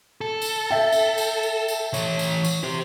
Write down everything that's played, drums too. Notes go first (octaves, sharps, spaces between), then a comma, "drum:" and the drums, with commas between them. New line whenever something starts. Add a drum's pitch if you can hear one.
A4
drum: tambourine
E5 G5
drum: tambourine
drum: tambourine
drum: tambourine
drum: tambourine
E3 C#5, drum: tambourine
drum: tambourine
drum: tambourine
G4 C5